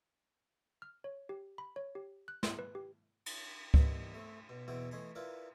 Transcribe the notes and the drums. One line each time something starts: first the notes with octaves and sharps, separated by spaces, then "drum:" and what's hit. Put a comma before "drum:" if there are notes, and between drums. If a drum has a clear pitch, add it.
F6
C#5
G4
B5
C#5
G4
F#6
C6, drum: snare
B4
G4
drum: cymbal
D#3 E3 G3 B3 C4 D#4, drum: kick C#2
A3 C4
B2
E2 B2 C4 E4 F#4 G5
E3 A3 D#5 G#5 B5 C6
E4 F4 A#4 B4 D5